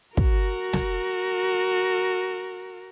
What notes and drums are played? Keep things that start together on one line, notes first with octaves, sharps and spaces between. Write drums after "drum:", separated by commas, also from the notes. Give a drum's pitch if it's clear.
F#4 A#4, drum: kick
drum: snare